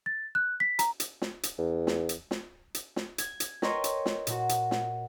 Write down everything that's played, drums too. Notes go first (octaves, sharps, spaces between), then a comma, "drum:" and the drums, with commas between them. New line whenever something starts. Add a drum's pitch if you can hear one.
A6
F#6
B6
A#5, drum: hi-hat
drum: hi-hat
drum: snare
drum: hi-hat
E2
drum: snare
drum: hi-hat
drum: snare
drum: hi-hat
drum: snare
G#6, drum: hi-hat
drum: hi-hat
A#4 B4 C#5 D#5 G5 C6, drum: snare
drum: hi-hat
drum: snare
A#2 F#4, drum: hi-hat
drum: hi-hat
drum: snare